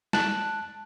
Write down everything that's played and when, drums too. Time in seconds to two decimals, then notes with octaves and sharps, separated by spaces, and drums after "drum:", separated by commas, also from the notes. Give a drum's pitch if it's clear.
0.13 A5 F#6, drum: snare